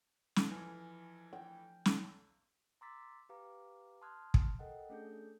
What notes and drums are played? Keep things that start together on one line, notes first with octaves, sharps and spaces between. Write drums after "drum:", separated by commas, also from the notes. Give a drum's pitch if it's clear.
drum: snare
F2 E3 F3 G#5 F6
G5
drum: snare
A#5 C6 D6 E6 A6 B6
G4 B4 F5 A#5 D6
A5 C6 D#6 F6 F#6 G#6
drum: kick
A4 A#4 D#5 F#5 G5
A3 C#4 D4 G#4 A4 G6